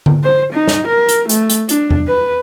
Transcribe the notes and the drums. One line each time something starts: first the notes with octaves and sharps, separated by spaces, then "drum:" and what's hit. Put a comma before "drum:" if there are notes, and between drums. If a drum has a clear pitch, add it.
drum: tom D3
C5
D#4
drum: snare
A#4
drum: hi-hat
A3, drum: hi-hat
drum: hi-hat
D4, drum: hi-hat
drum: tom E2
B4